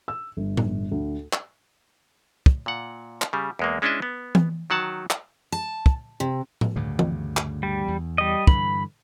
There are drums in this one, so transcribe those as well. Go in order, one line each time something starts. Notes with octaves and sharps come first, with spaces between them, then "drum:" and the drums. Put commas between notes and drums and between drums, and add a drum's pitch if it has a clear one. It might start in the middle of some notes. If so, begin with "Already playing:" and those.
E6
G1
drum: tom A2
D2
drum: clap
drum: kick
A#2 F#5
drum: clap
C#3 G3
E2 G#3 A#3
G#3 C#4 D4 E4 D#5 E5
B3
drum: tom E3
D#3 F#3 F#5 A5
drum: clap
A5
drum: kick
C3
drum: tom A2
D2 G2 C#3
drum: tom E3
drum: clap
G3
E2
G3 D#5
G2 D3 E3 B5, drum: kick